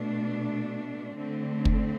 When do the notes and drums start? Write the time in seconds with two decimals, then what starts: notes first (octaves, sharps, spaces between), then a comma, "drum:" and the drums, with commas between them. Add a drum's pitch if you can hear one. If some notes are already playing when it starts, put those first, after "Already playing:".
Already playing: B2 A3 D4
1.17 D3 A3 C4
1.65 drum: kick